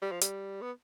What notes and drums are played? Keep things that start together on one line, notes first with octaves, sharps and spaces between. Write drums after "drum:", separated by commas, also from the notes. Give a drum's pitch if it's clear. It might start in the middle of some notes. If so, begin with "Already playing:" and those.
G3
F3
G3, drum: hi-hat
B3